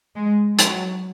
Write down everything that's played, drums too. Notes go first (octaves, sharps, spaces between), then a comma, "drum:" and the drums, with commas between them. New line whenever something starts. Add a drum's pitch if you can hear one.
G#3
F#3, drum: hi-hat